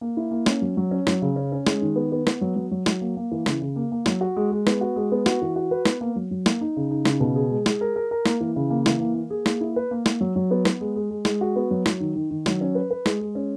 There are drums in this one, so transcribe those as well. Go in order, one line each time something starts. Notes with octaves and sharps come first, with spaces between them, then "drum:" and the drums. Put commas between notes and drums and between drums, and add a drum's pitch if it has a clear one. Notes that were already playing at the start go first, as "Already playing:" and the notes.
A#3
E4
A#3
C#4, drum: snare
F#3
F#3
C#4
F#3, drum: snare
C#3
C#4
C#4
G#3, drum: snare
D#3
B3
B3
B3, drum: snare
F#3
F#3
F#3
F#3, drum: snare
A#3
A#3
E3
C#3, drum: snare
C#3
A#3
A#3
F#3, drum: snare
F#4
G#3
G#3
B3, drum: snare
F#4
G#3
B3
F#4, drum: snare
E3
F#4
B4
B3, drum: snare
A#3
F#3
F#3
A#3, drum: snare
D#4
C#3
D#4
C#3, drum: snare
B2
G#4
G#3
G#4, drum: snare
A#4
A#4
A#4
A#3, drum: snare
E3
C#3
A#3
E3, drum: snare
A#3
A#3
G#4
A#3, drum: snare
E4
B4
A#3
A#3, drum: snare
F#3
F#3
B3
B3, drum: snare
G#3
G#3
G#3
G#3, drum: snare
F#4
B3
F#3
F#3, drum: snare
D#3
D#3
D#3
F#3, drum: snare
C#4
B4
B4
G#3, drum: snare
G#3
C#4